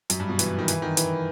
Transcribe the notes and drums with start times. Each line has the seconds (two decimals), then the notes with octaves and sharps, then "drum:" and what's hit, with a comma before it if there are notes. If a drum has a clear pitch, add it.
0.10 F#2, drum: hi-hat
0.19 G2
0.29 B2
0.39 E3, drum: hi-hat
0.59 D#3
0.68 E3, drum: hi-hat
0.82 D#3
0.97 E3, drum: hi-hat